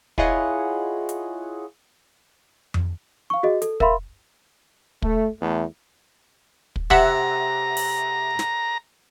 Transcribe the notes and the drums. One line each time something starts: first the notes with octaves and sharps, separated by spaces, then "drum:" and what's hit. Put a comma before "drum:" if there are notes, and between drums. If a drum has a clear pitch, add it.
E4 F4 G#4 C#5 D#5 F#5, drum: kick
drum: hi-hat
drum: tom F2
F5 C#6
F#4 G#4 D#5
A4, drum: hi-hat
A#4 E5 F5 B5 C6, drum: kick
A3, drum: kick
E2 A3
drum: kick
C3 E5 F#5 A#5, drum: kick
drum: open hi-hat
drum: snare